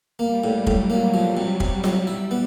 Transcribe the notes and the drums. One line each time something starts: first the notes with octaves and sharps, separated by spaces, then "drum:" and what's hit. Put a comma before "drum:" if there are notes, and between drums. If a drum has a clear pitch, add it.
G3 A#3
A2
A2 F#3, drum: kick
A#3
F3
C3
C3, drum: kick
C3, drum: snare F4
G3 E4
B3